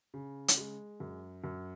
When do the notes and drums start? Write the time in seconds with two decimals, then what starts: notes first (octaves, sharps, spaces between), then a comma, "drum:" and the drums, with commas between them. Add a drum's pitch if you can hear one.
0.14 C#3
0.48 drum: hi-hat
0.57 G#3
1.00 F#2
1.44 F#2